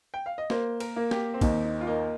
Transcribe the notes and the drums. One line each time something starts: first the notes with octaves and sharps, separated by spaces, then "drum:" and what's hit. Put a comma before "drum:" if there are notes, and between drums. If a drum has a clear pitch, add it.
G5
F5
D#5
A#3 C5, drum: snare
A#4, drum: cymbal
A#3
G4, drum: snare
C4
D#2 D#4, drum: kick, cymbal
D#4
F4
A#3 D#4